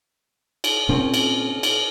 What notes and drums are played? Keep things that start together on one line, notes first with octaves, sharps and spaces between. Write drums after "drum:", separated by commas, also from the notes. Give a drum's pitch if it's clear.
drum: cymbal
A#2 C4 C#4
drum: cymbal
drum: cymbal